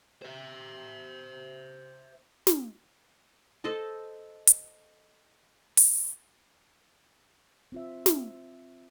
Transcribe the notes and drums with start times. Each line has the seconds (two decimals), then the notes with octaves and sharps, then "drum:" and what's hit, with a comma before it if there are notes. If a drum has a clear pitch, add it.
0.22 C5 E5
2.47 drum: snare
3.64 A4 C5 D#5 A5
4.47 drum: hi-hat
5.77 drum: open hi-hat
7.72 C4 F4 E5
8.06 drum: snare